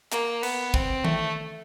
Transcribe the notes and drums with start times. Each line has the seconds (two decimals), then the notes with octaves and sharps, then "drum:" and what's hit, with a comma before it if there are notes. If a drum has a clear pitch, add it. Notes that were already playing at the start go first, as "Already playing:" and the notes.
0.12 A#3, drum: clap
0.43 B3, drum: cymbal
0.74 C4, drum: kick
1.05 A3, drum: tom D#3